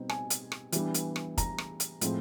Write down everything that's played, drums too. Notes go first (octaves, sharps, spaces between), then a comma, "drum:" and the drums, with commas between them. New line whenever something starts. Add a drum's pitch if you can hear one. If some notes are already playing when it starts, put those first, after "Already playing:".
Already playing: B2 G3 C4 D#4
G#5, drum: rim click
drum: hi-hat
drum: rim click
E3 G3 B3 D4, drum: hi-hat
drum: hi-hat
drum: rim click
A#5, drum: kick, hi-hat
drum: rim click
drum: hi-hat
A2 F3 G#3 C4, drum: hi-hat